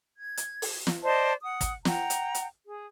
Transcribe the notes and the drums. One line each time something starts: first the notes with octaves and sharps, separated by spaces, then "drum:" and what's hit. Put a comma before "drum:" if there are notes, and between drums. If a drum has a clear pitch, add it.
G#6
drum: hi-hat
drum: open hi-hat
drum: snare
C5 D5 D#5 A5
F#5 D#6
drum: kick, hi-hat
F#5 G5 A#5, drum: snare
drum: hi-hat
drum: hi-hat
G#4